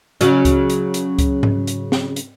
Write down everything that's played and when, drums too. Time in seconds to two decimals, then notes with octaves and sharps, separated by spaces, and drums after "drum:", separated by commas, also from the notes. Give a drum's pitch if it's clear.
0.21 C#3 F#3 C#4, drum: hi-hat
0.45 drum: kick C#2, hi-hat
0.70 drum: hi-hat
0.94 drum: hi-hat
1.19 drum: kick C#2, hi-hat
1.43 drum: tom G#2
1.67 drum: hi-hat
1.92 drum: snare
2.16 drum: hi-hat